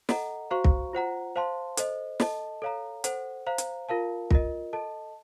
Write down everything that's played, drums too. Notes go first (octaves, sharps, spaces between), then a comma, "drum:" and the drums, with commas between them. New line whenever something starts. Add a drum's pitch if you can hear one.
A4 D#5 F#5 A#5, drum: snare
F#4 C5 F5 A#5 C#6
drum: kick
F4 C5 F#5 A#5
C5 F5 A5 C6
A4 C5 D#5, drum: hi-hat
A4 D#5 A5, drum: snare
A4 C#5 F5 A#5
A4 C5 F#5, drum: hi-hat
C5 F5 A#5
drum: hi-hat
F4 A#4 F5 A5
F4 A#4 D#5, drum: kick
A4 D#5 A5